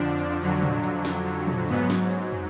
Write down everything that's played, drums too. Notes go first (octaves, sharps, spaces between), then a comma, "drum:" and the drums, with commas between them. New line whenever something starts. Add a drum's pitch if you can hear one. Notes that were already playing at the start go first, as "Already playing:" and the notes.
Already playing: F2 D3 F3 D4
F2 D3 F#3, drum: tambourine
drum: tom
drum: tambourine
drum: snare
drum: tambourine
drum: tom
G#2 F#3 B3, drum: tambourine
drum: snare
drum: tambourine
drum: tom